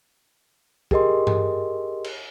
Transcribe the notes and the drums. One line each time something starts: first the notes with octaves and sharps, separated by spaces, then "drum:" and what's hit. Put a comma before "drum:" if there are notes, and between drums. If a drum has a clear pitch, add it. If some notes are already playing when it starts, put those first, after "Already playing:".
G4 G#4 A#4 D#5 C6, drum: kick
drum: tom G2
drum: cymbal